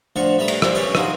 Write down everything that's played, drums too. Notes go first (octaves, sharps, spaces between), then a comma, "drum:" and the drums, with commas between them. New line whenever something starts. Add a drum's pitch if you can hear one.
D2 D3 F3 F#5 G#5 C#6
G3 A3 B4 A#5 D#6
drum: cymbal
F3 G3 E4, drum: rim click
C#4 G4 G#4 B4 C#5 D5
D#4 F4 F#4 G#4, drum: rim click